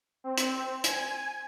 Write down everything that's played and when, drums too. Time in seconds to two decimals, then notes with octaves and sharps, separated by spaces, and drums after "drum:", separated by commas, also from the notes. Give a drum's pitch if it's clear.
0.24 C4
0.38 drum: hi-hat
0.84 G#5, drum: hi-hat